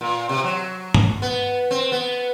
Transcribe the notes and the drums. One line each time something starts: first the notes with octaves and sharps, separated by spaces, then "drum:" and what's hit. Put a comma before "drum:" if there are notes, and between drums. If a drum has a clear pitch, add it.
A#2
C3
F#3
drum: tom G2
B3
C4
B3